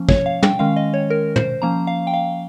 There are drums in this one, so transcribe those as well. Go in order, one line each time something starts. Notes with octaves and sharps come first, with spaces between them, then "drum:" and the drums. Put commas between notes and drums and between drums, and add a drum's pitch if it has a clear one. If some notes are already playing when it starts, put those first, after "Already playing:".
Already playing: F3 A#3 C#4
C#5, drum: kick
F5
G5, drum: tom
D#3 G#3 C#4 F5
D#5
C#5
A#4
C5, drum: tom
F3 A#3 C#4 A#5
F5
G5
F5